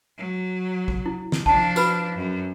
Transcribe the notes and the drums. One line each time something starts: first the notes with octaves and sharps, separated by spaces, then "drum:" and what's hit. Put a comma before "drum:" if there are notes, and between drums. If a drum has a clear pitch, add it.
F#3
drum: kick
E4
drum: snare
F3 D4 A5, drum: kick
F#4 B4 B5, drum: tambourine
F#2